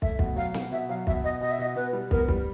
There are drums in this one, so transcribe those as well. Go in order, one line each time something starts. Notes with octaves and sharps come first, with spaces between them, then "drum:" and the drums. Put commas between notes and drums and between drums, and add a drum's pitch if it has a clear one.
A3 E5, drum: kick
B2, drum: kick
F#3 F5
B2, drum: snare
B2 E5
F#3 F5
B2 E5, drum: kick
B2 D#5
B2 D#5
E5
B2 D#5
B2 B4
G3
B3 A#4, drum: kick
G3, drum: kick